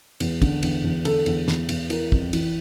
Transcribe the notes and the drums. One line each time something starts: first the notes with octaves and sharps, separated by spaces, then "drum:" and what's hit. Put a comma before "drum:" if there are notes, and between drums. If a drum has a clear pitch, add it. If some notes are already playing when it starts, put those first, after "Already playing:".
E2, drum: cymbal
D3, drum: kick, cymbal
E2, drum: cymbal
E2
D3 A4, drum: cymbal
E2, drum: cymbal
E2, drum: snare
E2, drum: cymbal
E3 A#4, drum: cymbal
F2, drum: kick
E3, drum: cymbal